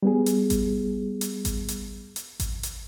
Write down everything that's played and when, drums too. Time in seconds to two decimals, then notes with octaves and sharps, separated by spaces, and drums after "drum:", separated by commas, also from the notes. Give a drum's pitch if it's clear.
0.03 G3 B3 G#4
0.26 drum: hi-hat
0.50 drum: kick G#1, hi-hat
1.21 drum: hi-hat
1.45 drum: kick G#1, hi-hat
1.68 drum: hi-hat
2.16 drum: hi-hat
2.40 drum: kick G#1, hi-hat
2.63 drum: hi-hat